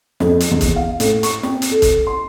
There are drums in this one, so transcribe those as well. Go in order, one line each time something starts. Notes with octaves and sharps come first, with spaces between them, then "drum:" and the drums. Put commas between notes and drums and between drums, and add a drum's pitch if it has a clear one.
F2, drum: snare
drum: hi-hat
E2
drum: kick, hi-hat
F5
A2, drum: hi-hat
C#6, drum: hi-hat
C4, drum: snare
drum: hi-hat
A4
drum: kick, hi-hat
C6